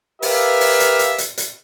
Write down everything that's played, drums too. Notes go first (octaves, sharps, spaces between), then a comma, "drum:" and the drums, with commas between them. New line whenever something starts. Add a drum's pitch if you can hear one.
G4 A#4 B4 E5 F5, drum: open hi-hat
drum: open hi-hat
drum: hi-hat
drum: hi-hat
drum: hi-hat
drum: hi-hat